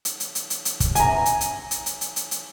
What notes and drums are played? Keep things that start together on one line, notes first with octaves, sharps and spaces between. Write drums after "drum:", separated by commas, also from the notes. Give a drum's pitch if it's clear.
drum: hi-hat
drum: hi-hat
drum: hi-hat
drum: hi-hat
drum: hi-hat
drum: kick, hi-hat
G#5 A#5, drum: hi-hat
drum: hi-hat
drum: hi-hat
drum: hi-hat
drum: hi-hat
drum: hi-hat
drum: hi-hat
drum: hi-hat